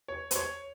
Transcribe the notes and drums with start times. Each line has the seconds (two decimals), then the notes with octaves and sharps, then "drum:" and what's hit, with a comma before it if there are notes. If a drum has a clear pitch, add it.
0.08 C#5
0.31 C5, drum: hi-hat
0.36 C#5